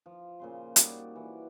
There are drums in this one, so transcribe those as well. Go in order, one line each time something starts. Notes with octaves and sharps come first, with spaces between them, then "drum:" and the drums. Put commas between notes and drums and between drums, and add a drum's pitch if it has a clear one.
F3
A#2 C#3 C6
G3 D#4 F#4 D5, drum: hi-hat
E3